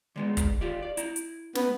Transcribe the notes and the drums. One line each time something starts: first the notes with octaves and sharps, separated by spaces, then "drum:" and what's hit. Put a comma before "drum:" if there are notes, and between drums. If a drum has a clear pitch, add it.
D3 G#3 B3
drum: kick, hi-hat
F4 G4 D5
D5
E4 A#5, drum: hi-hat
drum: hi-hat
B3, drum: snare